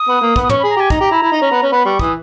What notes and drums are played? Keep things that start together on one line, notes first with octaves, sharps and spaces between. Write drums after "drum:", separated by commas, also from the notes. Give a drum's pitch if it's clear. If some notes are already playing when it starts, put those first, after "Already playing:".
Already playing: D#6
B3
A#3
B3, drum: kick
D#6
C#4 C#6, drum: tom
B5
G#4
A#5
G4 G#5
D#4 A#5, drum: kick
G4
E4
E4
D#4
C#4
B3
C#4
B3 B5
G3 C#6
E3 D#6, drum: kick